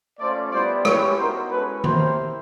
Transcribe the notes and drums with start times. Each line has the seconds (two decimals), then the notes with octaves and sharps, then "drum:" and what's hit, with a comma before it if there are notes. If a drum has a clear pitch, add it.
0.19 A3 C#4 F4 C5 D5
0.52 G3 B3 E4 G4 C5 D5
0.85 G#3 C#4 E4 G4 B4 C#5, drum: rim click
1.18 B3 D#4 F#4 A#4 C5
1.51 G#3 C#4 E4 A4 B4
1.84 C4 E4 G4 A#4 C5, drum: tom D#3